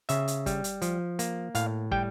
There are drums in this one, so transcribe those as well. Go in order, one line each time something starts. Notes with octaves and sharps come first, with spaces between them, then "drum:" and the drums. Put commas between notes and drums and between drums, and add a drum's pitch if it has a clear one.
C#3 E5, drum: hi-hat
drum: hi-hat
G3, drum: kick, hi-hat
drum: hi-hat
F3, drum: hi-hat
A#3, drum: hi-hat
A2 F5, drum: hi-hat
G3 G5, drum: kick